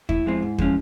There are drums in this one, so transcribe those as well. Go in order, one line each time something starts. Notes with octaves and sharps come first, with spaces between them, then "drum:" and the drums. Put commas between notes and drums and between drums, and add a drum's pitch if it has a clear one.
A2 E4, drum: kick
F3 G#3 C4
G#2
F3 G#3 C#4, drum: kick